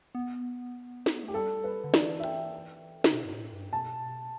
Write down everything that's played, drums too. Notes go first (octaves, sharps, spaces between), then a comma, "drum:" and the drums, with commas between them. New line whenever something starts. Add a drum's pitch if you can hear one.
B3
drum: snare
A3
G4
G3 A4
B4
D3
E3 D5, drum: snare
E5
G5, drum: hi-hat
D3, drum: snare
B2
G2
A2
G2
B2 A5